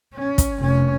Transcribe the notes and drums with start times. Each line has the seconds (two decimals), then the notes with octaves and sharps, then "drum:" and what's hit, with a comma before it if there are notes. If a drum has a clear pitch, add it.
0.15 C#4
0.38 drum: kick, hi-hat
0.59 F1 C#4